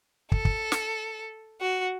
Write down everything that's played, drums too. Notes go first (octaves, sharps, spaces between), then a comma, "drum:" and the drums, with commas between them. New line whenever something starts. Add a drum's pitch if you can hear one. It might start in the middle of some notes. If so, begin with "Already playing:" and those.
A4, drum: kick
drum: kick
drum: snare
F#4